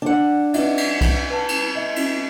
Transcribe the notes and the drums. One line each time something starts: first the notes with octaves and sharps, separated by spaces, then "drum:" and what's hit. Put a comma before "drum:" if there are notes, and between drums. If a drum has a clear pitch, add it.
D4 F#5
B4 D#5 E5, drum: cymbal
drum: cymbal
drum: kick C2, cymbal
B4 A5
drum: cymbal
D#5 E5
drum: cymbal